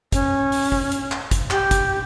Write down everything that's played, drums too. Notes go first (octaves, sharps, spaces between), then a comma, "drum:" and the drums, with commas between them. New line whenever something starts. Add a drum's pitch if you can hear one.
C#4, drum: kick, hi-hat
drum: open hi-hat
drum: kick
drum: hi-hat
drum: clap
drum: kick, hi-hat
G4, drum: clap
drum: kick, hi-hat